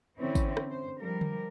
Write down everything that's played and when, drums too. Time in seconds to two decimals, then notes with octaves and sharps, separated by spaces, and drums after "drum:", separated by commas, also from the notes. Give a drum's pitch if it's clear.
0.18 D3 E3 C4 C#4 E4
0.35 drum: kick G#1, tambourine
0.57 drum: rim click
0.70 C5
1.00 F3 G3 A#4
1.21 drum: tom D3